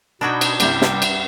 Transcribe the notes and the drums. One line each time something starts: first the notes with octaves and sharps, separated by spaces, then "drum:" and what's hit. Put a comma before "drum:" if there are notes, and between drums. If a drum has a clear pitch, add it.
B2 D4 D#4 F#4 G5 B5 D6 G#6
drum: cymbal
C2 G2 C3 G3 E4 G4, drum: cymbal
drum: snare
drum: cymbal